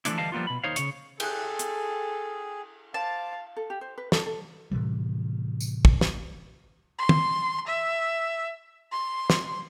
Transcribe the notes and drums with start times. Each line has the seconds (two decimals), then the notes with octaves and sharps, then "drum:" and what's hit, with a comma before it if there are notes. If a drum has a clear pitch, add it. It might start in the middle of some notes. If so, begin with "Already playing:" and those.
0.05 E3 F3 A3 D4 E4, drum: hi-hat
0.18 D2 E3 G3 D#5 F5 A5
0.32 F3 G3 A#3 B3 F4
0.47 B2 B5
0.64 D#2 D#4 C5 C#5 F5
0.76 C#3 C#5, drum: hi-hat
1.20 G#4 A4 G5 F#6, drum: cymbal
1.59 drum: hi-hat
2.94 C5 F5 A5 D6
3.56 A4
3.70 G4
3.81 C5
3.98 B4
4.12 A4, drum: snare
4.26 A4
4.71 A2 C3 E3 G3
5.60 drum: tambourine
5.85 drum: kick
6.01 drum: snare
6.99 C6
7.09 drum: tom
7.67 E5
8.92 C6
9.30 drum: snare